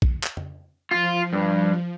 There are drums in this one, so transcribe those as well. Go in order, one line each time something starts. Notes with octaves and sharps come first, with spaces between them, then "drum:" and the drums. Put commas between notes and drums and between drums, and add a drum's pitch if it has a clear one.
drum: kick
drum: clap
drum: tom
F3 F4
G2